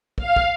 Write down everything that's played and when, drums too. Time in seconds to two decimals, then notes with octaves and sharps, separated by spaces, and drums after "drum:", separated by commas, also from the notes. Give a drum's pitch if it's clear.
0.18 F5, drum: kick
0.36 drum: kick